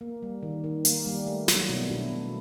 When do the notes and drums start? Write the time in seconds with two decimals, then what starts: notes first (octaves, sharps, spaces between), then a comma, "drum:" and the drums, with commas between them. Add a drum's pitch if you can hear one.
0.01 A#3
0.22 G3
0.43 D#3
0.64 D#3
0.85 A#3, drum: hi-hat
1.06 G3
1.27 A3
1.48 F#3, drum: snare
1.69 B2
1.90 B2 D4 E4
2.11 A3